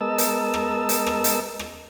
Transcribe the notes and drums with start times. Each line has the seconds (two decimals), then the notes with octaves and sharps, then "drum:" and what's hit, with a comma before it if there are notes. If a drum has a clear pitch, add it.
0.01 G#3 B3 A#4 D#5 A5 E6
0.18 drum: hi-hat
0.54 drum: rim click
0.89 drum: hi-hat
1.06 drum: rim click
1.24 drum: hi-hat
1.59 drum: rim click